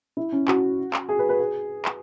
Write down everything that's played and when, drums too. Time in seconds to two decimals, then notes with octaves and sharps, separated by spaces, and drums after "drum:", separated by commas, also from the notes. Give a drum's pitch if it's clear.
0.17 E4
0.32 C#4
0.48 F#4, drum: clap
0.93 drum: clap
1.09 G#4
1.19 B4
1.29 B4
1.39 G#4
1.85 drum: clap